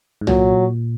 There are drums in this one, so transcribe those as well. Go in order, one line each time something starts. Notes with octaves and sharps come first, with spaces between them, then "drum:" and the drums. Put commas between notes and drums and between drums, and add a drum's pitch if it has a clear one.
G#2
A#2 F#3, drum: tom